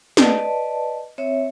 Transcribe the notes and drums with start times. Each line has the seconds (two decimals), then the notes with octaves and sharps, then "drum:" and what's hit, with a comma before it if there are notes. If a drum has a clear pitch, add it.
0.17 B4 D5 D#5 A5, drum: snare
1.18 C4 C#5 E5